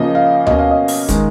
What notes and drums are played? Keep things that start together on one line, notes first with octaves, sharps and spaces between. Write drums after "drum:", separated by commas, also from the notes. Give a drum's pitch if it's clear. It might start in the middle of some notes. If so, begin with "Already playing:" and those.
Already playing: C#3 F3 A#3 D#5
F5
B2 A#3 C#4 D#5, drum: tom D2
F5
D#5
drum: open hi-hat
D#3 G#3, drum: kick, hi-hat